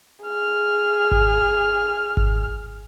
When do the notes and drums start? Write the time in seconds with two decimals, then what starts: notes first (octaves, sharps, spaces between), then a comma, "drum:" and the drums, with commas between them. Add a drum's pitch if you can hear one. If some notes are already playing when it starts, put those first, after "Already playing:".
0.24 G#4 F6
1.11 drum: kick G#1
2.17 drum: kick G#1